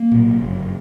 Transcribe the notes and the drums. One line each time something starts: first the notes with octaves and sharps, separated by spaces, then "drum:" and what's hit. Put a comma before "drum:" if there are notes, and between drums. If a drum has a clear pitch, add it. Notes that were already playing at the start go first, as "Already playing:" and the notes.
Already playing: A#3
B1 B2, drum: tom A2
G1 F#2 C#3